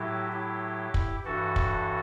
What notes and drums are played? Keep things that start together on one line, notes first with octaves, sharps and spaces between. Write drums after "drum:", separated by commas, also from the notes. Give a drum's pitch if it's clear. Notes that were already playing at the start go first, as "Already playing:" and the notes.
Already playing: A2 F#3 E4 G4
E4 G4
drum: kick
G2 E3 F#4 A4
drum: kick